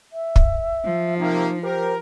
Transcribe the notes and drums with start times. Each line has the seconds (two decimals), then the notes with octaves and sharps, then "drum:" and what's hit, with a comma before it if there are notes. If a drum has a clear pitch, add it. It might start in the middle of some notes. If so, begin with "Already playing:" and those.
0.13 E5
0.36 drum: kick
0.85 F3
1.20 C3 A#3 D#4
1.63 G4 A#4 C5